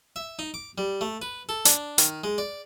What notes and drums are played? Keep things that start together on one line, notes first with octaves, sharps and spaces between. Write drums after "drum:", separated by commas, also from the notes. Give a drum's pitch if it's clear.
E5
D#4
D6
G3
A3
B4
A4
D4, drum: hi-hat
D#3, drum: hi-hat
G#3
D5